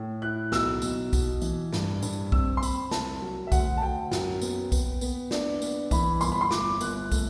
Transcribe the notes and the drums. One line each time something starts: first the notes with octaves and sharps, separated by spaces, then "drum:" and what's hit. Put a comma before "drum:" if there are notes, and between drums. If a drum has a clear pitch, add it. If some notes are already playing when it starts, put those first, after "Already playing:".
Already playing: A2
E4 F#6
B1 E6, drum: snare
B1, drum: tambourine
B2, drum: kick, tambourine
E3, drum: tambourine
G2, drum: snare
G2, drum: tambourine
C4 E6, drum: kick
C6
C4 B5, drum: tambourine
C2 A5, drum: snare
F#3
E5
D2 F#5, drum: kick, tambourine
A5
D2 G5
F#2, drum: snare
B3, drum: tambourine
B3, drum: kick, tambourine
B3, drum: tambourine
D4, drum: snare
B3, drum: tambourine
E3 B5, drum: kick, tambourine
G1 C6, drum: tambourine
B5
C6
G1 D6, drum: snare
G1 F#6, drum: tambourine
A3, drum: kick, tambourine